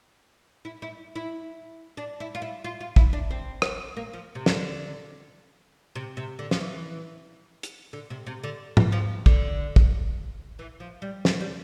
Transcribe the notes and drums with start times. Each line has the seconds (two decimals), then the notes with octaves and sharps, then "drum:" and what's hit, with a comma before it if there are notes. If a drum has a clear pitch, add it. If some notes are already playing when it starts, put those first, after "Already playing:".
0.65 E4
0.82 E4
1.16 E4
1.97 D4
2.20 E4
2.35 F4
2.42 E4
2.64 F4
2.80 F4
2.96 E4, drum: kick
3.13 D4
3.31 C4
3.62 drum: rim click
3.97 A#3
4.13 F3
4.35 C3
4.46 D3, drum: snare
5.95 C3
6.17 C3
6.39 D3
6.51 F3, drum: snare
6.61 E3
7.63 drum: hi-hat
7.93 D3
8.10 C3
8.27 C3
8.44 D3
8.77 E3, drum: tom G#2
8.92 F3
9.26 D3, drum: kick
9.76 drum: kick
10.59 E3
10.80 F3
11.02 G3
11.25 A3, drum: snare
11.40 G3